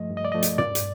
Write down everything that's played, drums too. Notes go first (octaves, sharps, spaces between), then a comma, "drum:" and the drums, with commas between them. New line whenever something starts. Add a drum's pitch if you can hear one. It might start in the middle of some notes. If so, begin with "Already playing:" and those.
Already playing: G2 F3 A3 D#5
G2
D#5
D5
F3 A3 D#5
drum: hi-hat
G2 D5, drum: tom
drum: hi-hat